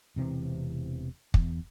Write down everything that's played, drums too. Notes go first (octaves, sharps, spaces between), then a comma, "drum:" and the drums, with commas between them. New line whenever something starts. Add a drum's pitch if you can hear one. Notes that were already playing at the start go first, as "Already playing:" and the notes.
E1 C3 E3 C4
E2, drum: kick